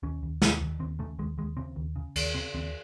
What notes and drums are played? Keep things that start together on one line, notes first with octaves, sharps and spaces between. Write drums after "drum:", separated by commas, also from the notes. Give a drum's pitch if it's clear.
D#2 C#4
D#2
D#2, drum: snare
D#2
D#2 C4
C#3 A3
D#2 G#3
D#2 G#3
C#3 C4
D#2
C#3
D#2, drum: cymbal
C#3 C4
D#2 C4